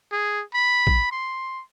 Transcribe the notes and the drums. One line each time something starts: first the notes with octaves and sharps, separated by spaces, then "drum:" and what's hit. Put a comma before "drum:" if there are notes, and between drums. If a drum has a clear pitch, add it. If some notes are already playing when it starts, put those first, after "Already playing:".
G#4
B5
drum: kick A#1
C6